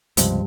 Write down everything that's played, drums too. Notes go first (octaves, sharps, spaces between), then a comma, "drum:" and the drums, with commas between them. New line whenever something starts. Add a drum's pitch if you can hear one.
C#2 G2 C3 F3 G#3, drum: hi-hat